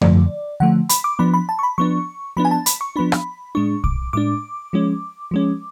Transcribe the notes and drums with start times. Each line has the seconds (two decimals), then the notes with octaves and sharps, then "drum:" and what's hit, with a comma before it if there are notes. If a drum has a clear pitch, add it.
0.01 D3 F3 A3 D5, drum: tom F#2
0.60 D3 F3 A3 F#5
0.89 B5, drum: hi-hat
1.04 D6
1.19 F3 B3 D4 B5
1.34 B5
1.49 A5
1.59 C#6
1.63 B5
1.78 F3 B3 D4 C#6
2.37 F3 B3 D4 B5
2.45 G#5
2.51 A5
2.66 B5, drum: hi-hat
2.81 C#6
2.96 F3 B3 D4 B5
3.12 drum: rim click
3.55 A2 G#3 D4 C#6
3.84 D6, drum: kick
4.13 A2 G#3 D4 D6
4.73 F3 G#3 C#4
5.31 F3 G#3 C#4